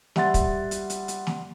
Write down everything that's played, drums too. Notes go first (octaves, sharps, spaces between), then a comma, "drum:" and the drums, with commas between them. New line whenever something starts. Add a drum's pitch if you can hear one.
G3 E5 F#5 C6 A6, drum: snare
drum: kick, hi-hat
drum: hi-hat
drum: hi-hat
drum: hi-hat
drum: snare